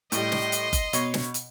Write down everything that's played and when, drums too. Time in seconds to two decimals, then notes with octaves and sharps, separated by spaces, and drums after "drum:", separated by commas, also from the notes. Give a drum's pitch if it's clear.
0.12 A2 G3 D#5 C6, drum: hi-hat
0.32 drum: snare
0.52 drum: hi-hat
0.73 drum: kick F#1, hi-hat
0.93 B2 C#5, drum: hi-hat
1.14 drum: snare
1.34 drum: hi-hat